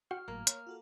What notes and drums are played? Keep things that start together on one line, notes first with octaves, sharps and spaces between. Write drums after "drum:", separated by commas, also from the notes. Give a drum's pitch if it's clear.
F#4 F#5 G5 F6
G#1 A2 F#3 A#3
C#5, drum: hi-hat
F4 F#4 A4